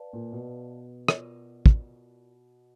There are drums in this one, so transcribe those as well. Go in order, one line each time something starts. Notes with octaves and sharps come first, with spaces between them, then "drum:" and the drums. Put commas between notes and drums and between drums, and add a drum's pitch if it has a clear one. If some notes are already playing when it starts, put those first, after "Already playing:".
Already playing: B4 D5 F5 A5
A#2
B2
F4 A#4 D5, drum: rim click
drum: kick